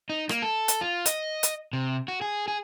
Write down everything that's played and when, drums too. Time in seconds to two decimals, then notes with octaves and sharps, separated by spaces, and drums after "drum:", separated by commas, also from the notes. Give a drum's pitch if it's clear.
0.10 D#4
0.29 A#3, drum: rim click
0.42 A4
0.68 drum: hi-hat
0.81 F4
1.06 D#5, drum: hi-hat
1.43 drum: hi-hat
1.73 C3
2.08 F#4
2.21 G#4
2.48 G#4